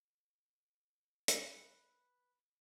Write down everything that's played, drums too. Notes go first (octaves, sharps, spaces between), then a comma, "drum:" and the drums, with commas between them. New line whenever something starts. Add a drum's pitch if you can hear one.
B4, drum: hi-hat